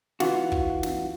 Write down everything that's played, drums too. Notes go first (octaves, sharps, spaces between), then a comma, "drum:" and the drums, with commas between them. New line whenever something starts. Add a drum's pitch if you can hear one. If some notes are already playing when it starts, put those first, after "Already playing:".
E3 F4 F#4, drum: snare
drum: kick
drum: snare